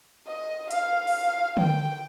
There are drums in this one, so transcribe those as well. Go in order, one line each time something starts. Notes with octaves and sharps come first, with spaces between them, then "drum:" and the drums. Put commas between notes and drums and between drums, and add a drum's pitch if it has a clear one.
D#5
F5, drum: hi-hat
drum: open hi-hat
G5, drum: tom D3